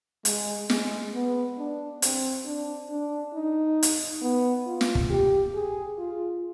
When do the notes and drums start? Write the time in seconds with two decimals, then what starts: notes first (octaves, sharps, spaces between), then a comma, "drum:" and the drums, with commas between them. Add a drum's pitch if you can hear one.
0.25 G#3, drum: hi-hat
0.70 G#3, drum: snare
1.14 B3
1.58 D4
2.02 C4, drum: hi-hat
2.45 D4
2.90 D4
3.34 D#4
3.83 drum: hi-hat
4.22 B3
4.67 F4
4.81 drum: snare
4.95 drum: kick
5.10 G4
5.54 G#4
5.98 F4